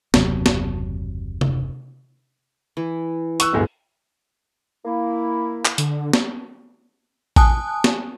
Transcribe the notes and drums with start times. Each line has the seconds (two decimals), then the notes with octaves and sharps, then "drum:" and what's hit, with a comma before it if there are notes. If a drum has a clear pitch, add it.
0.14 F#1 D#2 C3 F#3, drum: snare
0.46 drum: snare
1.41 drum: tom C3
2.77 E3
3.40 C#6 E6 F#6, drum: hi-hat
3.53 D1 G1 G#4
4.85 A#3 E4
5.65 drum: clap
5.78 D3, drum: hi-hat
6.13 drum: snare
7.36 G#5 A5 D#6 F#6, drum: kick A1
7.84 drum: snare